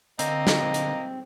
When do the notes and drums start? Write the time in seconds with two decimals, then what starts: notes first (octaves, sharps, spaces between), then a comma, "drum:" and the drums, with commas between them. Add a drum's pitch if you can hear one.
0.19 D3 A#3 C4 D#5, drum: hi-hat
0.47 drum: snare
0.74 drum: hi-hat